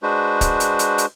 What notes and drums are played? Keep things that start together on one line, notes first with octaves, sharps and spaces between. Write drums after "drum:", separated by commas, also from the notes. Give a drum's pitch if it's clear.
G#3 D4 F#4 B4 C5
drum: kick, hi-hat
drum: hi-hat
drum: hi-hat
drum: hi-hat